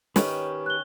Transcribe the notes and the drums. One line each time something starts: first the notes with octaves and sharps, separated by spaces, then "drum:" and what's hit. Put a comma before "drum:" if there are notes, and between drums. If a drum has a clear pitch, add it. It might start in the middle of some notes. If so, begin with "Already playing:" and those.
D#3 C#4 G4 B4, drum: snare
F#6 G7